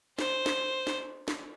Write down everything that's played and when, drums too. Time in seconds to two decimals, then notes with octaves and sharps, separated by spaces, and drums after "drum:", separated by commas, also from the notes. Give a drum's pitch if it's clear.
0.19 C5, drum: snare
0.46 drum: snare
0.87 drum: snare
1.28 drum: snare